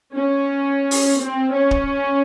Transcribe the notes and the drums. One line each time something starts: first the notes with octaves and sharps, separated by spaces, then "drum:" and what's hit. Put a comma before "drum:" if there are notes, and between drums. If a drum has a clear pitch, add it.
C#4
drum: open hi-hat
C4
C#4
drum: kick